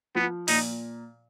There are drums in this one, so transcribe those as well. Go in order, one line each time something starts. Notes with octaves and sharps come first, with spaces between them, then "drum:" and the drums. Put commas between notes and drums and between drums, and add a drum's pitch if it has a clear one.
F3 B3
A#2 D#4, drum: open hi-hat